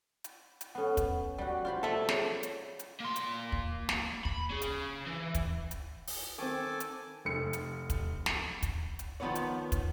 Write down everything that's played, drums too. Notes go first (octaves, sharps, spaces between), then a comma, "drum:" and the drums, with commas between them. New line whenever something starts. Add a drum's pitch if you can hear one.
drum: hi-hat
drum: hi-hat
B3 C#4 A4 F#5
drum: kick, hi-hat
G3 F#4 F#5
F4 C5 B5
A4 E5 A5
C#4 G#4 C#5, drum: snare
drum: hi-hat
drum: hi-hat
A#3 C6
drum: hi-hat
drum: kick
drum: snare
B5, drum: kick
C#4 G#4
drum: hi-hat
E3
drum: kick, hi-hat
drum: hi-hat
drum: open hi-hat
D#3 C4 A4 G#5 D6
drum: hi-hat
F1 C#7
drum: hi-hat
drum: kick, hi-hat
drum: snare
drum: kick, hi-hat
drum: hi-hat
D#3 F3 A3 B3 B4 C#5
drum: hi-hat
drum: kick, hi-hat